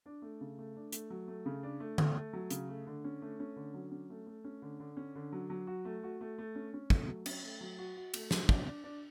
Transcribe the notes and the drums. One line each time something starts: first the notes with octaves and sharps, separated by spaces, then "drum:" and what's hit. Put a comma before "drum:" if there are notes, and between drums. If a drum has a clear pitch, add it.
D4
A3
C#3
A3
D4
A3, drum: hi-hat
F#3
A3
C#3
D4
A3
A3, drum: tom D3
A3
F#3
C#3, drum: hi-hat
A3
D3
C#4
A3
C#4
D3
F#3
C#4
A3
A3
C#4
D3
D3
C#4
D3
F#3
F#3
F#4
A3
F#4
A3
A3
C#4
C#4
A3, drum: kick
F#3
C#4, drum: cymbal
A3
F#3
F#4
F#4
A3, drum: cymbal
F#3, drum: snare
D4, drum: kick
D4
D4